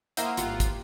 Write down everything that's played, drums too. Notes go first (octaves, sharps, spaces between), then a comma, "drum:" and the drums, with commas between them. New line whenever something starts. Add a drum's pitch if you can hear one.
A#3 E4 C5 D#5 F5 F#5, drum: hi-hat
G#1 F4 G4 F#5, drum: hi-hat
drum: kick, hi-hat